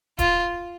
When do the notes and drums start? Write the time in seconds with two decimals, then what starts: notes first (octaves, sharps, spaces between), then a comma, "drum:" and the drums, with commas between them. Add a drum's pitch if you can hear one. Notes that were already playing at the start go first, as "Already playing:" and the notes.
0.19 F4, drum: kick D1, hi-hat